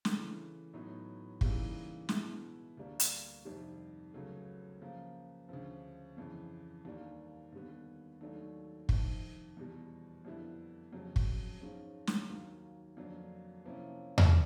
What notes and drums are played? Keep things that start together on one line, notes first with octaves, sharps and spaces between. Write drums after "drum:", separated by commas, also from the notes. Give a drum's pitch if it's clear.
C#3 E3 A3, drum: snare
A2 F#3 B3 D#4
C#3 E3 G3 A#3 D#4, drum: kick
B2 G#3 B3 E4, drum: snare
D2 D3 G3 A#3 D4
drum: hi-hat
F2 C3 D#3 G3
C#2 C#3 F#3 A3
C#3 F3 A#3
D2 C#3 F3
F2 C#3 E3
D#2 D3 G3 A#3 D4
D#2 D3 G3 B3
D#2 D#3 F#3 A3 D4
F2 C3 D#3, drum: kick
E2 B2 G3
F2 D3 G3 B3 E4
F2 C#3 F#3
drum: kick
G#2 F3 G#3 C#4
drum: snare
D#2 D#3 F#3 A#3
F2 D3 F#3 A#3 D4
C3 F3 A#3 C#4 E4
drum: tom E2